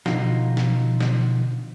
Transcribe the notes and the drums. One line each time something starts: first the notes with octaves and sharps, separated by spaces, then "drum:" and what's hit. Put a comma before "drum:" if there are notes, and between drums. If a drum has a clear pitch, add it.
B2 D3 F3 D#4 F4, drum: snare
drum: snare
drum: snare